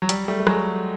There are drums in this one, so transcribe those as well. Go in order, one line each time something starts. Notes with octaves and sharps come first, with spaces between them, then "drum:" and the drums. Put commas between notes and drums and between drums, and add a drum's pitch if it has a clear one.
F#3
G3, drum: hi-hat
G3 A3
A3
F#3 G#3, drum: rim click